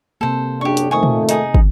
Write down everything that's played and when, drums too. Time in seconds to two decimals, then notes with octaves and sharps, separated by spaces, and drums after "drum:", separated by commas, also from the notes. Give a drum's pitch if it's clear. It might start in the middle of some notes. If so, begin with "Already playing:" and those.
0.21 C3 A#3 A4 C5
0.61 F#2 D4 G4 G#4 C#6
0.77 drum: hi-hat
0.91 F2 D#3 A3 G#5 C#6 D#6
1.03 drum: tom
1.29 D#4 G#4 D#6, drum: hi-hat
1.54 drum: kick